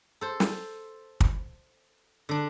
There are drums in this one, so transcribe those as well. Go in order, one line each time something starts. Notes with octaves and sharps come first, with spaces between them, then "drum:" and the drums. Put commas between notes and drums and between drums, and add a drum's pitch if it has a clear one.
A4 C5
drum: snare
drum: kick
D3 D4